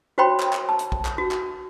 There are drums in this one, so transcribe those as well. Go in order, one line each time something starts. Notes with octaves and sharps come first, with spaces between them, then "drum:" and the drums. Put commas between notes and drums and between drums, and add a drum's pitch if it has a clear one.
F#4 C5 C#5 G5 B5 C6
drum: clap
drum: clap
A5
drum: hi-hat
drum: kick
drum: clap
F#4
drum: clap